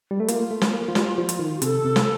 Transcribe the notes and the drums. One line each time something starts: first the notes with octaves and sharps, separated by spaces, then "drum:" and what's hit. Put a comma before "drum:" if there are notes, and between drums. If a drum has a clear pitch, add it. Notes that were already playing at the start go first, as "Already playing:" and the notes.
G3
A3
A#3 F4, drum: hi-hat
A3
drum: snare
A#3
F3
G3, drum: snare
F3
drum: hi-hat
D#3
C3 A4, drum: hi-hat
C3
drum: snare